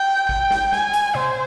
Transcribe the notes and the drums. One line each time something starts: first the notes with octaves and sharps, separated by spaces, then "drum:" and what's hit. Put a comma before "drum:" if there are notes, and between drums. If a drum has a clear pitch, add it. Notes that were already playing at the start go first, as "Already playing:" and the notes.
Already playing: G5
G5, drum: kick G#1
drum: snare
G#5, drum: snare
drum: hi-hat
C5, drum: tom C3